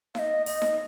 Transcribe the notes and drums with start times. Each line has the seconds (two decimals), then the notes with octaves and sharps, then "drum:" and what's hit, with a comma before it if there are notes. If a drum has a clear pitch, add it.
0.15 F5, drum: snare D#4
0.19 D#5
0.46 D#5, drum: open hi-hat
0.62 drum: snare D#4